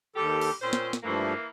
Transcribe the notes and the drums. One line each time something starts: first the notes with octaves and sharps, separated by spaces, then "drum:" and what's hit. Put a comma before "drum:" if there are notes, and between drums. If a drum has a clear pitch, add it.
D#2 D3 G3 G4 A4
drum: cymbal
A#2 C4 C#4 C5
drum: snare
drum: snare
G2 E3 F3 A3 A#3